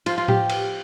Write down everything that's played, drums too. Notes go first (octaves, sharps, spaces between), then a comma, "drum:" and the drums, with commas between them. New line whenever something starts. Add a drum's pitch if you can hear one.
F3 F4, drum: cymbal
F4
G4, drum: tom A2
drum: cymbal